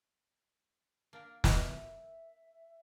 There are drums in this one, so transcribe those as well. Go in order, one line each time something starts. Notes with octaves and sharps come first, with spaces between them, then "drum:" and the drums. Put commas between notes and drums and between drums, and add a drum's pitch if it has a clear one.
A#3 D4 A#4
A#4 E5, drum: snare